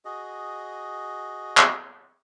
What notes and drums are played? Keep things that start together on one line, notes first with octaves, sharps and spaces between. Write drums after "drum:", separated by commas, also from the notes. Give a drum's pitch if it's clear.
F#4 G#4 D#5
drum: clap